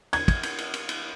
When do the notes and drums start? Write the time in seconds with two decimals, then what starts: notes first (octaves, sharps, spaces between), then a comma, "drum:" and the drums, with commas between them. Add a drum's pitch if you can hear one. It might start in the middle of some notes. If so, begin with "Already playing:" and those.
0.13 G#6, drum: cymbal
0.28 drum: kick, cymbal
0.43 drum: cymbal
0.58 drum: cymbal
0.74 drum: cymbal
0.89 drum: cymbal